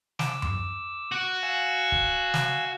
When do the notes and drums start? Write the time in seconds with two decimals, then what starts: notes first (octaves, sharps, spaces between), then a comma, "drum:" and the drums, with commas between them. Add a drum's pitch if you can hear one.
0.19 D6 E6, drum: snare
0.42 drum: tom F#2
1.12 F#4
1.43 F5 G#5 E6
1.92 drum: kick C#1
2.34 drum: snare